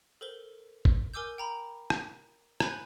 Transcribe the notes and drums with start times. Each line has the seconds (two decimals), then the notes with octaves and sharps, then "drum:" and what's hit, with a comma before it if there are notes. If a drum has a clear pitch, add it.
0.21 A4 A#4 C5 G7
0.85 drum: kick
1.14 A#4 G#5 D6 E6 G6
1.38 G5 A#5 B5
1.90 drum: rim click
2.60 C5 G#5 B5 F#6 G6, drum: rim click